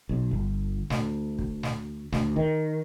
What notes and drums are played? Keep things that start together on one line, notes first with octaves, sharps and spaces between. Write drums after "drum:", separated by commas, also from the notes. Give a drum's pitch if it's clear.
B1
G1
D2, drum: snare
drum: kick
drum: snare
D2, drum: snare
D#3